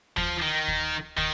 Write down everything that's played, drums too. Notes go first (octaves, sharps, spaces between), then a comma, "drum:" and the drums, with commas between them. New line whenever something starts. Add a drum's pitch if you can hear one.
F3, drum: kick
D#3
drum: kick
D#3, drum: kick